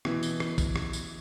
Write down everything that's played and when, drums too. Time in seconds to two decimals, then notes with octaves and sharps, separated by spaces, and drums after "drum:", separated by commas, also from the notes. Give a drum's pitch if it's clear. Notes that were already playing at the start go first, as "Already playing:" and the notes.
0.05 B2 E3, drum: rim click
0.23 drum: tambourine
0.40 drum: rim click
0.58 drum: kick A1, tambourine
0.76 drum: rim click
0.93 drum: tambourine